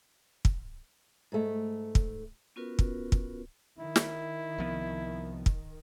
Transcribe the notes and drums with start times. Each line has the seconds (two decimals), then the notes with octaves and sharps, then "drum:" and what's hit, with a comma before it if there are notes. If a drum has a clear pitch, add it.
0.45 drum: kick
1.32 G#2 A3
1.95 drum: kick
2.56 B3 C#4 F4 F#4 A#4 B4
2.79 drum: kick
3.12 drum: kick
3.79 D#3 E4
3.96 drum: snare
4.58 C2 F3 B3
5.46 drum: kick